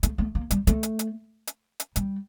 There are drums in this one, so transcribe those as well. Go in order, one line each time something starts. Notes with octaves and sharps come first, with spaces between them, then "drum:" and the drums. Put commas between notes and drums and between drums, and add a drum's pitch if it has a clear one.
A3, drum: hi-hat
A3
A#3
G3, drum: hi-hat
A3, drum: hi-hat
drum: hi-hat
drum: hi-hat
drum: hi-hat
drum: hi-hat
G3, drum: hi-hat